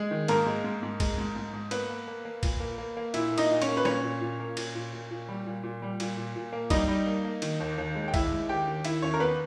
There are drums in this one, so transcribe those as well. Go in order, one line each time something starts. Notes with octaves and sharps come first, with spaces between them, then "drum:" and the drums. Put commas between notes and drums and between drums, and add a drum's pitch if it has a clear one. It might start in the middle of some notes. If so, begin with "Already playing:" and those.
Already playing: G#3 G#4
D#3
G#2 A#3 A#4, drum: cymbal
G#3
G#2
G#2
G#3, drum: kick A#1, cymbal
G#2
G#2
G#2
A#3 B3 B4, drum: cymbal
A#3
A#3
A#3
A#2, drum: kick A#1, cymbal
A#3
A#3
A#3
A#2 E4 E5, drum: cymbal
A#3
D#4 D#5, drum: cymbal
A#2
C#4 C#5, drum: cymbal
A#3
B4
A#2 C#4 C#5, drum: snare
A#2
A#2
A#3
A#2, drum: cymbal
A#2
A#2
A#2
G3
A#2
A#2
G3
A#2, drum: cymbal
A#2
A#2
A#3
G3 D#4 D#5, drum: kick A#1, cymbal
G3
A#3
A#3
D#3, drum: cymbal
D#2
D#2
G#3
G5
D#2 E4 E5, drum: kick A#1, cymbal
G#3
D#2 G4 G5
D#3
D#3 E4 E5, drum: cymbal
D#2 C#4 C#5
A#4
D#2 B3 B4